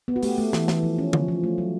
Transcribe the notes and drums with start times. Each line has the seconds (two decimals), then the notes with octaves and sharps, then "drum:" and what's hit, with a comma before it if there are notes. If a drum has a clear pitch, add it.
0.08 B3
0.16 F#4
0.23 A3 G4, drum: open hi-hat
0.38 A3
0.53 E3, drum: snare
0.68 E3, drum: snare
0.83 F3
0.98 C#4
1.13 F3, drum: tom D3
1.28 F3
1.44 A3
1.58 F#3